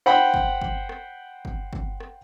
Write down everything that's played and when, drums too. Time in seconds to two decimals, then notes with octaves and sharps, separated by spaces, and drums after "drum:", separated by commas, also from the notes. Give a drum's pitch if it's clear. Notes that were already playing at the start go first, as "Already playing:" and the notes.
0.06 C5 F#5 G5 B5
0.34 drum: kick
0.62 drum: kick
0.89 drum: rim click
1.45 drum: kick
1.73 drum: kick
2.00 drum: rim click